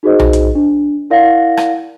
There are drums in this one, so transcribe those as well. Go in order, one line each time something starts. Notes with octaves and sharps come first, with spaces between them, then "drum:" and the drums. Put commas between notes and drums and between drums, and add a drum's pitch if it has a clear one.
D#4 F#4 G#4 A#4 C5 D#5
drum: tom B1
drum: hi-hat
D4
E4 A#4 D5 F5 F#5 A#6
drum: rim click